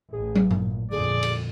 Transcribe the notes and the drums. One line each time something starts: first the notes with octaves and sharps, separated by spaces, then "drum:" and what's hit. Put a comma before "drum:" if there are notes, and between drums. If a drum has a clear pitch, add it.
A1 G#4
drum: tom
A#2, drum: tom
F2 A#2 D3 G#4 D5
drum: cymbal